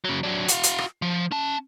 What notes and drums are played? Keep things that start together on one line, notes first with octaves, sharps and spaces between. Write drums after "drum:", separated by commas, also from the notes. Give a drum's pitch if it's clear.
C#3 F#3
F#3 D4
F#4 F5, drum: hi-hat
drum: hi-hat
drum: rim click
F3
C#4 A5